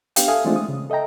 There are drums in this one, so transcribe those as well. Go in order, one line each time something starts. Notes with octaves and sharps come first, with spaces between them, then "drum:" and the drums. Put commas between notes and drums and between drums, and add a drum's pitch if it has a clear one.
B3 D4 G4 F5 G5, drum: hi-hat
A4 E5 F5 G#5 D#6
E3 G#3 A3 C4 D4 F4
D#6
C#3
A4 D#5 E5 G5 A#5